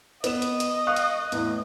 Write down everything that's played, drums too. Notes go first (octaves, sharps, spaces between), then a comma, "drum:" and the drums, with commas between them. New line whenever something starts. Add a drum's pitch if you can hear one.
B3 D#5 E7, drum: hi-hat
drum: hi-hat
drum: hi-hat
F5 C#6 F#6
drum: hi-hat
E2 A2, drum: hi-hat